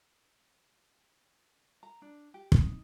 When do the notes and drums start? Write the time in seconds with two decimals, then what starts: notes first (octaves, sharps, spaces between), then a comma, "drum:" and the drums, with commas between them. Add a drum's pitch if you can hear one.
1.83 A#5
2.02 D4
2.34 G4
2.52 D#4, drum: kick